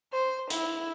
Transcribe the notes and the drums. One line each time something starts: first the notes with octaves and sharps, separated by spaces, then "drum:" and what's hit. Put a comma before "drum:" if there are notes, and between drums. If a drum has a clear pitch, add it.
C5
E4, drum: hi-hat